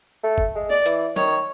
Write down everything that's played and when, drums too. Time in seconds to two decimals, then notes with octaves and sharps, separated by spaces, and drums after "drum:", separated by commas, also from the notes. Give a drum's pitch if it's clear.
0.24 A3
0.38 drum: kick
0.55 G#3
0.70 D5
0.86 E3, drum: hi-hat
1.16 D#3 C#5, drum: snare